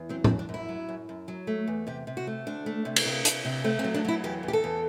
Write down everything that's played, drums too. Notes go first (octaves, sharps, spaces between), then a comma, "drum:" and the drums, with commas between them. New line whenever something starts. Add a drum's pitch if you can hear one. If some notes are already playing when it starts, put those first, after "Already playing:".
Already playing: E2
F#3 C4
C4, drum: tom A2
F#2
D4
F#2
E4
F#3
F#2
F#2
F#3
A3
E2
C3 G4
C3
F#4
A3
D2 D4
A3
C3
drum: cymbal
C3
C3, drum: hi-hat
C3
A3 C4
C4
F#3
D4
F#3 E4
E2 G4
E2
G4
A4
E2